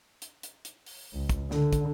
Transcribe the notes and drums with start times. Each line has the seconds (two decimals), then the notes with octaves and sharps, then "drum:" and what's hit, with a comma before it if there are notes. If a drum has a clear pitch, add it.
0.22 drum: hi-hat
0.43 drum: hi-hat
0.65 drum: hi-hat
0.86 drum: open hi-hat
1.13 C#2
1.29 drum: kick, hi-hat
1.51 D3, drum: snare
1.73 drum: kick, hi-hat